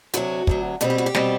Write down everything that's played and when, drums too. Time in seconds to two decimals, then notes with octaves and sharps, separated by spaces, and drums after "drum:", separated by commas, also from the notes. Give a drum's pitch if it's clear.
0.14 D2 C3 F#3 F#4, drum: hi-hat
0.47 D2 C3 F#3, drum: kick
0.81 B2 G3 C4 D4, drum: hi-hat
0.90 G4
0.98 F#4
1.06 G4
1.15 B2 G3 C4, drum: snare